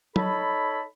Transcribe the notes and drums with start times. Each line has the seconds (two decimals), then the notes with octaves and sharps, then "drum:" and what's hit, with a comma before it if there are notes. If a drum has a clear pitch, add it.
0.16 D#4 A4 C#5 A5 B5, drum: tom F#3